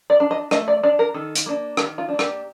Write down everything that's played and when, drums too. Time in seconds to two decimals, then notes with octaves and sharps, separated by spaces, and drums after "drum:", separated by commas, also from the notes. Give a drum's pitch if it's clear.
0.10 D5
0.20 D4
0.31 D#5
0.51 A3 D#5, drum: rim click
0.68 D5
0.83 D4 D5
0.99 A#4
1.14 D#3 A4
1.35 drum: hi-hat
1.46 A#3 D4
1.77 D#3 G4, drum: rim click
1.98 F4
2.09 A#3 D4
2.19 G4, drum: rim click